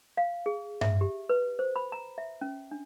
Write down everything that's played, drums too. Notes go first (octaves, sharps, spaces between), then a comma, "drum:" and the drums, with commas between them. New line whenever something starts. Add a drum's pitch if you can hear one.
F5
G#4
E5, drum: tom G2
G4
B4
C5
B5
A#5
E5
C#4
D4